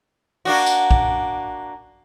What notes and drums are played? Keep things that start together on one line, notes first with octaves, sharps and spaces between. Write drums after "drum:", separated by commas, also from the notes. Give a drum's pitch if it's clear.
A#3 D4 F#4
drum: tambourine
drum: kick